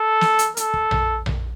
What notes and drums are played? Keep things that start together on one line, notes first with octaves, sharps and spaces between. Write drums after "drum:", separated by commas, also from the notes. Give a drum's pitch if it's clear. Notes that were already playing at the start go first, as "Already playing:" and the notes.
Already playing: A4
drum: snare
drum: hi-hat
A4, drum: hi-hat
drum: kick
drum: tom A#1
drum: tom A#1